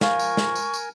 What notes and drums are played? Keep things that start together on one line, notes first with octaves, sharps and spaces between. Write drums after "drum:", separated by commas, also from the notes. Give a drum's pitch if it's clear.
F3 A#4 G#5 C#6, drum: snare
drum: tambourine
drum: snare
drum: tambourine
drum: tambourine